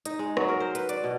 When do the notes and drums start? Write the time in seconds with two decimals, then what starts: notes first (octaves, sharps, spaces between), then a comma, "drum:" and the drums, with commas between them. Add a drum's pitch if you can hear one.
0.05 D#4, drum: hi-hat
0.19 G#3
0.37 F#3, drum: rim click
0.48 A#4
0.60 C5
0.75 B4, drum: hi-hat
0.89 D5, drum: hi-hat
1.04 B2